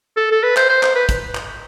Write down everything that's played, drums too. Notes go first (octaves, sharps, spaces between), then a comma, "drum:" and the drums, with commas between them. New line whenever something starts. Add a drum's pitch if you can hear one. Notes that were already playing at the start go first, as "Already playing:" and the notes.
A4
A4
B4
C5, drum: clap
C5
C5, drum: clap
B4
drum: kick, hi-hat
drum: clap